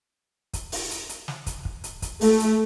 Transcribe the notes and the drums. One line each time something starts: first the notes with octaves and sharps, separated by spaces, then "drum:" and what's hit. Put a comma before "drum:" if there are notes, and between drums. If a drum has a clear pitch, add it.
drum: kick, hi-hat
drum: open hi-hat
drum: hi-hat
drum: hi-hat
drum: snare
drum: kick, hi-hat
drum: kick
drum: hi-hat
drum: kick, hi-hat
A3, drum: open hi-hat
drum: hi-hat